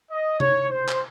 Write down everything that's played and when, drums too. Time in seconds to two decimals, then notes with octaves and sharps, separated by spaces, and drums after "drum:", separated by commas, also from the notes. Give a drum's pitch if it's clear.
0.12 D#5
0.40 C#5, drum: tom C3
0.70 C5
0.89 drum: clap